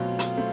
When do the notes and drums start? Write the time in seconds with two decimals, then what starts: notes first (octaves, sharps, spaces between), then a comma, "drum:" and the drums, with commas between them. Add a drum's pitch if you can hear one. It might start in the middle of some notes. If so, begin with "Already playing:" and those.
Already playing: B2 F#3 A3 C4 F4
0.19 drum: hi-hat
0.37 A3 C4